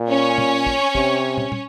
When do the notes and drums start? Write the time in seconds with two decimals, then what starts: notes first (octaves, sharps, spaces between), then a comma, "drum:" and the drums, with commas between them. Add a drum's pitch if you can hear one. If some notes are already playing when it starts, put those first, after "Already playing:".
Already playing: A#2
0.09 C#4 C#5
0.38 drum: tom
0.66 drum: kick
0.95 C3, drum: kick
1.38 drum: tom
1.52 drum: tom